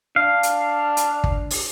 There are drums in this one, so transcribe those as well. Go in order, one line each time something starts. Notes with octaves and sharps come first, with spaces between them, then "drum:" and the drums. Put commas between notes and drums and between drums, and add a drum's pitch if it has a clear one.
D4 F5
drum: hi-hat
drum: hi-hat
drum: kick
drum: open hi-hat